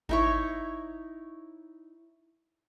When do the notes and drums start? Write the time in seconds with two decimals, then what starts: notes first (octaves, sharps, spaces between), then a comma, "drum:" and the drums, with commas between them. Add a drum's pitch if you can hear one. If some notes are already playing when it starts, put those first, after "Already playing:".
0.09 D#4 E4 C#5, drum: kick G#1